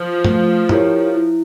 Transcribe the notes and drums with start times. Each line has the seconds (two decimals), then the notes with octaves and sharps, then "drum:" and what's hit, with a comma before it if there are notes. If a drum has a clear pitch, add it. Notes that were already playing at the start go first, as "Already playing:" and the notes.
Already playing: F3
0.24 A3, drum: tom
0.69 E4 G4 A#4 C#5, drum: tom
1.14 E4